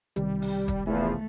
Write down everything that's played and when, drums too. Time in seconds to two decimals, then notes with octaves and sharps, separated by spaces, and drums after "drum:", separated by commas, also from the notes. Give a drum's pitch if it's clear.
0.16 B1 C3 D#3 G3, drum: hi-hat
0.42 drum: open hi-hat
0.68 drum: kick, hi-hat
0.86 E1 E2 E3 F3 A3